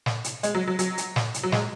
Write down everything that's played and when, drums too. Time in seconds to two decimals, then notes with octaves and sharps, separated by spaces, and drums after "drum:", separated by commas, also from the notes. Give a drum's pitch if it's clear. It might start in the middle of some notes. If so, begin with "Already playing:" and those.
0.06 drum: snare
0.24 drum: hi-hat
0.43 G#3, drum: hi-hat
0.55 F#3
0.67 F#3
0.79 F#3, drum: hi-hat
0.98 drum: hi-hat
1.16 drum: snare
1.34 drum: hi-hat
1.43 F#3
1.52 G#3, drum: snare